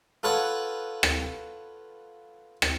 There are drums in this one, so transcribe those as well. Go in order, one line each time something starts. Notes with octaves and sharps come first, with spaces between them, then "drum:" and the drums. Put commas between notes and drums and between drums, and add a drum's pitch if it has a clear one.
F4 A4 B4 C#5 F#5
drum: rim click
drum: rim click